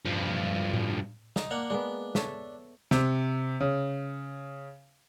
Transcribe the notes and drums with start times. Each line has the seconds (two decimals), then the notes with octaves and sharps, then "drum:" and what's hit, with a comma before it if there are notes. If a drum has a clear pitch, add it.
0.05 G2 F3
0.74 drum: tom A2
1.36 D#4, drum: snare
1.51 A#3 D4 F#5
1.70 G#3 A#3 B3 D4
2.15 A4 C#5 E5, drum: snare
2.91 C3, drum: snare
3.60 C#3